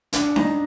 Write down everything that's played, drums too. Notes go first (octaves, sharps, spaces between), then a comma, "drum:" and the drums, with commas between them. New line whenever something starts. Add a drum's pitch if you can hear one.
D4, drum: hi-hat
D#4, drum: snare C#4